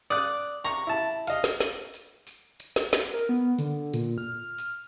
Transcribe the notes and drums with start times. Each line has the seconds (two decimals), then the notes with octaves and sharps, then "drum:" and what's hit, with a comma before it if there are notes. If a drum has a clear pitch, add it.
0.10 D5 D#6 F#6
0.64 C3 A#5 C#6
0.87 E4 A5
1.27 D#5 F5, drum: tambourine
1.44 drum: snare
1.60 drum: snare
1.94 drum: tambourine
2.27 drum: tambourine
2.60 drum: tambourine
2.76 drum: snare
2.93 drum: snare
3.13 A#4
3.29 B3
3.59 D3, drum: tambourine
3.93 A#2, drum: tambourine
4.18 F6
4.58 drum: tambourine